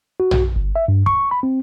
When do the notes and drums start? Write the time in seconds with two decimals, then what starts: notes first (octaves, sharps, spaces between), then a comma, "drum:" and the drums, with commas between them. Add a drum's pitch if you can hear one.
0.20 F#4
0.31 drum: tom A#1
0.56 G1
0.76 E5
0.88 G2
1.06 C#6, drum: kick
1.31 B5
1.43 C4